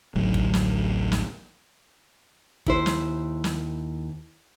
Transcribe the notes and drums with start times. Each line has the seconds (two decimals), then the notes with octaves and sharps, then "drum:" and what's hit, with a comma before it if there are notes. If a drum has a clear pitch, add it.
0.15 A1 D2 F#3
0.34 drum: kick
0.54 drum: snare
1.12 drum: snare
2.66 D#2 E4 C5, drum: kick
2.86 drum: snare
3.44 drum: snare